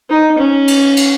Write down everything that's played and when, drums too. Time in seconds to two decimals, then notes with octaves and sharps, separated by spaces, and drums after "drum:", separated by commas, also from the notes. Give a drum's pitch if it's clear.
0.10 D#4
0.38 C#4
0.68 drum: cymbal
0.97 drum: cymbal